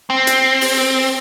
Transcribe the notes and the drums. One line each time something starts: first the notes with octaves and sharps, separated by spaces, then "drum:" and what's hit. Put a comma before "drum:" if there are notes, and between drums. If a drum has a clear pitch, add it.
C4
drum: hi-hat
drum: open hi-hat